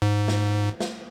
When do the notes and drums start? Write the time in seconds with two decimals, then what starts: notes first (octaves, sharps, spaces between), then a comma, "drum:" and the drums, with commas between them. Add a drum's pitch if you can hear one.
0.02 G#2
0.28 drum: snare
0.80 drum: snare